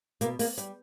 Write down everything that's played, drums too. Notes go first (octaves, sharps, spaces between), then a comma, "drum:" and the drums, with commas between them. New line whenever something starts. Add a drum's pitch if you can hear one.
B2 A#3, drum: hi-hat
A#3, drum: open hi-hat
G3, drum: hi-hat